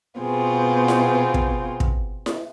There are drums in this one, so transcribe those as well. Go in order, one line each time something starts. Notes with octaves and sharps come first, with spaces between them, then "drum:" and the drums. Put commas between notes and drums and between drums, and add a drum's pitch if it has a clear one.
B2 B3 C4 F4 G#4
drum: snare E4
drum: kick
drum: kick
drum: snare E4